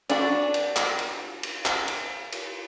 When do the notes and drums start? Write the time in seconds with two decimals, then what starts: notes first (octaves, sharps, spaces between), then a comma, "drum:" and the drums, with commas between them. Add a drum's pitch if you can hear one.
0.09 D4 F#4, drum: cymbal
0.54 drum: cymbal
0.76 drum: clap
0.99 drum: cymbal
1.43 drum: cymbal
1.65 drum: clap
1.88 drum: cymbal
2.32 drum: cymbal